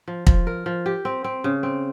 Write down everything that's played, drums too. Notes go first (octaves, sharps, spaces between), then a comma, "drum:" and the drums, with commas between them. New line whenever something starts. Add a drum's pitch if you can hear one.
F3
F3, drum: kick
A#4
F3
G4
C4
C4
C#3
C4